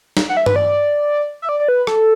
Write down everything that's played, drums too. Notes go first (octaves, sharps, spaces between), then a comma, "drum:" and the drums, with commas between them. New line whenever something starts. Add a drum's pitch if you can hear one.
drum: snare
F#5
E5
B4, drum: tom G2
D5
E5
D5
D5
B4
A4, drum: rim click